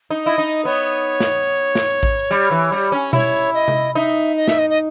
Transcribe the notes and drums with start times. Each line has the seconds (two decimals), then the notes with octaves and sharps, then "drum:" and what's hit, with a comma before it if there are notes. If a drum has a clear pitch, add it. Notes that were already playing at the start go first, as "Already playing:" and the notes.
0.10 D#4
0.24 E4 D#5
0.38 D#4
0.65 B3 C#5
1.20 drum: snare
1.75 drum: snare
2.03 drum: kick A1
2.31 G3
2.51 E3
2.72 G3
2.92 C#4
3.13 E4 C#5, drum: tom B2
3.54 D#5
3.68 drum: tom C3
3.95 D#4 E5
4.36 D#5
4.48 E5, drum: snare
4.58 D#5
4.70 D#5